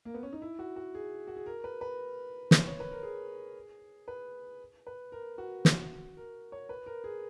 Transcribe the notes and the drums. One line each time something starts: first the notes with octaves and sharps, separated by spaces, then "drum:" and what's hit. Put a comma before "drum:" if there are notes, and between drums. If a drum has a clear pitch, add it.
A#3
B3
C#4
D#4
E4
F#4
F#4
G#4
F#4
G#4
A#4
B4
B4
drum: snare
C#5
B4
A#4
G#4
B4
B4
A#4
F#4
drum: snare
A#4
C#5
B4
A#4
G#4